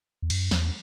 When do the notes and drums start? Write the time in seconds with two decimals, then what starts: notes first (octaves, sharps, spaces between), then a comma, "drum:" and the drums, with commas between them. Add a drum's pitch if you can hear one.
0.22 E2
0.30 F#2, drum: cymbal
0.51 E2, drum: snare